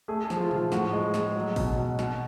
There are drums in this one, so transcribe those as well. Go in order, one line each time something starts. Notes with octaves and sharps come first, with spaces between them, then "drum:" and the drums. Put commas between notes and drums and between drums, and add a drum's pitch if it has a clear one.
A3 G#4
G#4
F3, drum: snare
F4
F3, drum: tom A#2
F4
A2 F#4, drum: snare
G#3
G#3, drum: snare
F#3
B2, drum: kick A1, open hi-hat
B2
B2, drum: snare